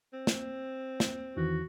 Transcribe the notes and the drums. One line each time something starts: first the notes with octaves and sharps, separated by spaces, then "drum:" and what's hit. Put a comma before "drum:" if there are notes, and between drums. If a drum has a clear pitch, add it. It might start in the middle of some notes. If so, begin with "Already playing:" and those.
C4
drum: snare
drum: snare
E2 D#3 E3 F#4